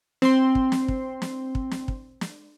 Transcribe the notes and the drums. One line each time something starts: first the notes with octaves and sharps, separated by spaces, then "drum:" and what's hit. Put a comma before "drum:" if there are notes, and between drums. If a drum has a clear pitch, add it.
C4 C6, drum: snare
drum: kick
drum: snare
drum: kick
drum: snare
drum: kick
drum: snare
drum: kick
drum: snare